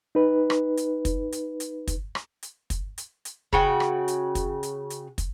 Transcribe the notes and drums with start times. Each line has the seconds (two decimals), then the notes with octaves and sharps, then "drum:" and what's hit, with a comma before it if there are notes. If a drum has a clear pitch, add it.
0.15 D#4 B4
0.50 drum: rim click
0.77 drum: hi-hat
1.05 drum: kick, hi-hat
1.32 drum: hi-hat
1.60 drum: hi-hat
1.87 drum: kick, hi-hat
2.15 drum: rim click
2.43 drum: hi-hat
2.70 drum: kick, hi-hat
2.98 drum: hi-hat
3.25 drum: hi-hat
3.53 C#3 F#4 G5, drum: kick
3.80 drum: rim click
4.08 drum: hi-hat
4.35 drum: kick, hi-hat
4.63 drum: hi-hat
4.90 drum: hi-hat
5.18 drum: kick, hi-hat